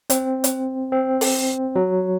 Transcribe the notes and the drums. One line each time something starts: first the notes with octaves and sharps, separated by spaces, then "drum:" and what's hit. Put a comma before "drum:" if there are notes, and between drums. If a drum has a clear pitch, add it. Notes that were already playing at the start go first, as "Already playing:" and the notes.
C4, drum: hi-hat
drum: hi-hat
C4
drum: open hi-hat
F#3